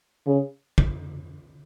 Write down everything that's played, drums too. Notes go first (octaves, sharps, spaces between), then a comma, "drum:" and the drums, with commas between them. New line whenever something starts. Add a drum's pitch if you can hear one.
C#3
drum: kick